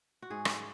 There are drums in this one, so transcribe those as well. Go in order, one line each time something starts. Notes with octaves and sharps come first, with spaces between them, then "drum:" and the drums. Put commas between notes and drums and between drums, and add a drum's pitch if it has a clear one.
F#4
G#2 G#4
drum: rim click